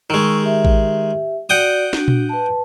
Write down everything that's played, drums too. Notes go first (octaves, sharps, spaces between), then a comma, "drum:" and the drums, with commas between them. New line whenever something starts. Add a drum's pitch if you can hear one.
D#3 G#3 C#6 E6
G4 E5
drum: kick A1
F#4 D5 F#5 G5 D#6
D4 F#4, drum: snare
drum: tom A#2
B4 A5